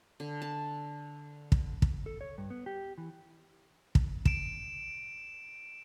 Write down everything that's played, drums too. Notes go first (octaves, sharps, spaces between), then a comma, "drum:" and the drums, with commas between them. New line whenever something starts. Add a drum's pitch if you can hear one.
D3
A5
drum: kick
drum: kick
A4
C#5
G2
B3
G4
E3
drum: kick
D7 E7, drum: kick